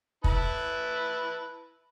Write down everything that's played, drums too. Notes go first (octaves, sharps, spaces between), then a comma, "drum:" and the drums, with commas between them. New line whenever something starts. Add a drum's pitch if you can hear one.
E4 B4 A5, drum: kick